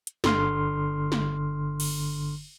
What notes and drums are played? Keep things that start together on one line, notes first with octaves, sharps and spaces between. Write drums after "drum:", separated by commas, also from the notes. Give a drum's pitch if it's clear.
drum: hi-hat
G1 D3 C6 F6, drum: snare
drum: snare
drum: cymbal